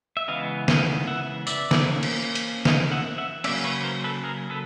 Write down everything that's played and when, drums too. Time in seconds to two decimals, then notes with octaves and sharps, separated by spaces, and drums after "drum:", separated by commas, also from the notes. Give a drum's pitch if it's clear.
0.17 E5
0.28 C#3 E3 G#3 B3 D#5 F5
0.68 D#5 F5, drum: snare
1.07 E5 F#5
1.47 D5 E5, drum: tambourine
1.71 drum: snare
1.87 F3 A#3 C#4
2.03 drum: cymbal
2.35 drum: hi-hat
2.65 D#5 F5, drum: snare
2.92 E5 F#5
3.18 E5 F#5
3.44 C#3 F#3 A#3 C#4 D5 E5, drum: cymbal
3.64 B4 C#5
3.84 A#4 C5
4.04 A4 B4
4.23 G#4 A#4
4.50 A4 B4